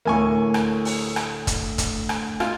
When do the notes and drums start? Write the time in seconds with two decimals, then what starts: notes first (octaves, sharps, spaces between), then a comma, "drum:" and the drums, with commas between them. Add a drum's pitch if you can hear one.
0.05 D2 A2 A#3 G#5 C#6
0.54 drum: rim click
0.85 drum: open hi-hat
1.16 drum: rim click
1.47 drum: kick, hi-hat
1.78 drum: kick, hi-hat
2.09 drum: rim click
2.40 F4, drum: rim click